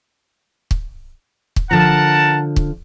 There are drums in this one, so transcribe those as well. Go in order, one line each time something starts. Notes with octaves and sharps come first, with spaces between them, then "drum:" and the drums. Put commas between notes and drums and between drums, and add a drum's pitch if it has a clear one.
drum: kick
drum: kick
D3 F3 A#4 F#5 A5
drum: kick